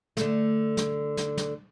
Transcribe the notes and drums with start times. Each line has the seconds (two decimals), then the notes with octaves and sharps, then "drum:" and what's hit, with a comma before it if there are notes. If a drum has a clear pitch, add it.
0.17 D3 A3, drum: snare
0.77 drum: snare
1.17 drum: snare
1.37 drum: snare